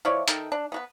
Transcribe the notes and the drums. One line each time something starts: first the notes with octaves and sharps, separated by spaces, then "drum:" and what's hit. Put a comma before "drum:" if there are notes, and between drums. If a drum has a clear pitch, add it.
F3 E4 C#5 D5
D#3 A4 G5, drum: hi-hat
D4
B3 F#4 B4